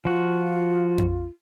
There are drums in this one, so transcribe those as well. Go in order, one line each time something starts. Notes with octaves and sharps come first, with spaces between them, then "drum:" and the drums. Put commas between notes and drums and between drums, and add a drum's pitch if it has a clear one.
F3 F4 F#4
drum: tom F2